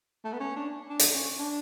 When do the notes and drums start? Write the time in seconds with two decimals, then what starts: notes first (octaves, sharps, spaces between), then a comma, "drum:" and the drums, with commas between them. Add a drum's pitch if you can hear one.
0.25 A3
0.32 B3
0.40 C#4
0.56 D4
0.89 D4
0.99 drum: hi-hat
1.13 C#4
1.38 D4